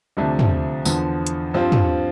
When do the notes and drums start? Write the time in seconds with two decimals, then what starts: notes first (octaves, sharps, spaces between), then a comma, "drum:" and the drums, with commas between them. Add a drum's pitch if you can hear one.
0.17 D2 C3 F3 A3 D4
0.39 drum: tom
0.85 E2 D3 F3, drum: tambourine
1.27 drum: hi-hat
1.54 G2 F3 C4 F4
1.72 drum: tom